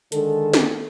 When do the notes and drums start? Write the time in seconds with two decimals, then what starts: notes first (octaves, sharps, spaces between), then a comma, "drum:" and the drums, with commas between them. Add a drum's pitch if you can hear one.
0.12 D3 D#3 G#3 G#4 A4, drum: hi-hat
0.53 drum: snare